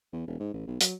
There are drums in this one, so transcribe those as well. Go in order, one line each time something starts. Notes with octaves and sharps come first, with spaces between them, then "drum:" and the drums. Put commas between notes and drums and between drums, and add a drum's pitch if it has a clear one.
E2
E1
G#2
A1
B1
F#3, drum: hi-hat